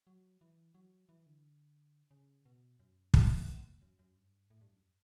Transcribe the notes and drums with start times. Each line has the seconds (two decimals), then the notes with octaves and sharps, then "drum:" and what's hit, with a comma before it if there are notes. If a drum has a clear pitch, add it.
0.07 F#3
0.41 E3
0.74 F#3
1.09 E3
1.26 D3
2.11 C#3
2.45 B2
2.79 F#2
3.14 drum: kick
3.47 E2
3.82 F#2
3.99 F#2
4.16 G2
4.50 A2
4.61 G2
4.73 F#2